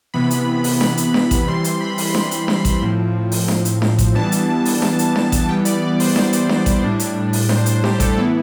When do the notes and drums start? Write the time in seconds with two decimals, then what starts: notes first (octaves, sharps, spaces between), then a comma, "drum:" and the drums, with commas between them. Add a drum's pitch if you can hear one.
0.14 C3 E3 B3 B5
0.31 drum: hi-hat
0.64 drum: open hi-hat
0.81 drum: snare D4
0.97 drum: hi-hat
1.14 drum: snare D4
1.31 drum: kick A1, hi-hat
1.48 E3 G3 C4 C6
1.64 drum: hi-hat
1.81 B5
1.98 drum: open hi-hat
2.15 drum: snare D4
2.31 drum: hi-hat
2.48 drum: snare D4
2.65 drum: kick A1, hi-hat
2.82 A2 F3 C4
3.32 drum: open hi-hat
3.48 drum: snare D4
3.65 drum: hi-hat
3.82 drum: snare D4
3.98 drum: kick A1, hi-hat
4.15 E3 G3 B3 D4 A5
4.32 drum: hi-hat
4.65 drum: open hi-hat
4.82 drum: snare D4
4.99 drum: hi-hat
5.16 drum: snare D4
5.32 drum: kick A1, hi-hat
5.49 E3 G3 B3 G5
5.65 D5, drum: hi-hat
5.82 D5
6.00 C5, drum: open hi-hat
6.16 D5, drum: snare D4
6.33 drum: hi-hat
6.49 drum: snare D4
6.66 drum: kick A1, hi-hat
6.83 A2 G3 D4
6.99 drum: hi-hat
7.33 drum: open hi-hat
7.49 C5, drum: snare D4
7.66 C5, drum: hi-hat
7.84 G4, drum: snare D4
8.00 A4, drum: kick A1, hi-hat
8.16 A2 E3 B3 E4 A4